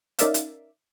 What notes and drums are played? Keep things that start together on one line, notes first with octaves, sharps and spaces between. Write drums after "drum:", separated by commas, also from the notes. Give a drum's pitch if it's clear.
C#4 D#4 A#4 D5 E5 F5, drum: hi-hat
drum: hi-hat